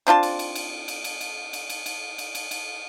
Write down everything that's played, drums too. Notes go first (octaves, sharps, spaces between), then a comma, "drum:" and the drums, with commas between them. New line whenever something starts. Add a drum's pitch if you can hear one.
C4 D4 F4 A5
drum: cymbal
drum: cymbal
drum: cymbal
drum: cymbal
drum: cymbal
drum: cymbal
drum: cymbal
drum: cymbal
drum: cymbal
drum: cymbal
drum: cymbal
drum: cymbal